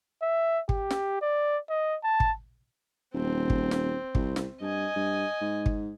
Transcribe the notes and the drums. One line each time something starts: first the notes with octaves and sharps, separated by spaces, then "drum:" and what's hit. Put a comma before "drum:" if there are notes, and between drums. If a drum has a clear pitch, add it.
E5
G4, drum: kick
drum: snare
D5
D#5
A5
drum: kick
D#1 C4
drum: kick
drum: snare
C2, drum: kick
drum: snare
G2 D#5 G#5
G2
G#2
drum: kick